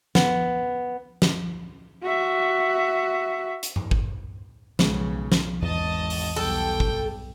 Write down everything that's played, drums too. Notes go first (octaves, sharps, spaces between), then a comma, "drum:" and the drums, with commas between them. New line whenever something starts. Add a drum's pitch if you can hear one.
B3, drum: snare
drum: snare
F#4 E5
drum: hi-hat
drum: tom G2
drum: kick G#1
B1 C#3 G#3 B3, drum: snare
drum: snare
G#1 E2 D#5 A5
drum: open hi-hat
B1 G3 A4 G5
drum: kick G#1